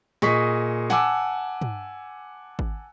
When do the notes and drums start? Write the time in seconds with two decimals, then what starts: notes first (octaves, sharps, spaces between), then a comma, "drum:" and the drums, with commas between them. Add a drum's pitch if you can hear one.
0.22 A#2 G#4 D#5 C#6 B6, drum: snare
0.90 F#5 G#5 A5 D6 E6, drum: snare
1.61 drum: tom
2.59 drum: kick G#1